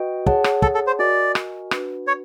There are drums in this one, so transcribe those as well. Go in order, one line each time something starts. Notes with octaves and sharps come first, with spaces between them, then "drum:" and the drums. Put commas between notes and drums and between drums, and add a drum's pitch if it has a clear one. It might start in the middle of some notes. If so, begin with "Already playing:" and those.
Already playing: F#4 B4 D#5 G5
G#4 C#5 F#5 A5, drum: kick
drum: rim click
A4, drum: kick
A4
C5
F#4 A#4 D5 D#5 G#5
drum: rim click
D4 F#4 B4, drum: rim click
C#5